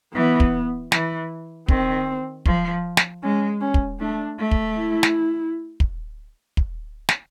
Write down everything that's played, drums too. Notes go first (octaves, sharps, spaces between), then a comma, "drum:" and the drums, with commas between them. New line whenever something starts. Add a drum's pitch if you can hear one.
E3 B3
drum: kick
E3, drum: snare
D#3 C4, drum: kick
F3, drum: kick
drum: snare
G#3 C#4
C#4
drum: kick
A3 D4
A3
drum: kick
E4
drum: snare
drum: kick
drum: kick
drum: snare